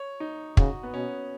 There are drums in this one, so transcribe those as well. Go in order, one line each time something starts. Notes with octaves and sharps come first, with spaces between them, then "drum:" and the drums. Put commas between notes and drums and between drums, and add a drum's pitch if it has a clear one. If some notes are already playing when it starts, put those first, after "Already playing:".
Already playing: C#5
D#4
C#3 F#4, drum: kick
B3
B2 C#4